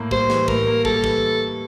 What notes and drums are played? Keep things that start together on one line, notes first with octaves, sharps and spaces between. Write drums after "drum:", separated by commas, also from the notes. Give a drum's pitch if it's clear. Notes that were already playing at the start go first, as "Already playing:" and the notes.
Already playing: A2 A#3
G3 C5, drum: kick
E3, drum: snare
A2 A#4, drum: kick
A#3
G3 A4, drum: kick
E3, drum: kick